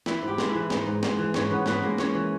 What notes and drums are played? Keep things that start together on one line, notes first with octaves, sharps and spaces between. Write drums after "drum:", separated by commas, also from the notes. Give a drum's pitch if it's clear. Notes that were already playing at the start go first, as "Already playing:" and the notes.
E3 E4 E5, drum: snare
G#2
G4 G5
G#3, drum: snare
E4 E5
E3
G#2 D#4 D#5, drum: snare
G#2
G#3, drum: snare
E3
G#2 C#4 C#5, drum: snare
E3 B3 B4
G#2 B3 B4, drum: snare
G#3 A#3 A#4
E3 C#4 C#5, drum: snare
E3